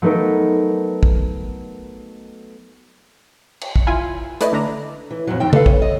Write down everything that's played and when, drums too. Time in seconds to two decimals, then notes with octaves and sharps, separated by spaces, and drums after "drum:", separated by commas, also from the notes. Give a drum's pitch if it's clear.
0.02 F#3 A3 B3 D#4 A#4
1.03 drum: kick
3.61 drum: cymbal
3.76 drum: kick
3.87 E4 F4 G#5
4.41 A3 E4 B4 D5 D#5, drum: hi-hat
4.52 D3 A3 D4 A#5
5.11 E3
5.27 F2 A#2 F#3
5.40 F2 D#3 C4 G5
5.53 A4 B4 F5, drum: tom C#3
5.66 C#4, drum: kick
5.82 D#5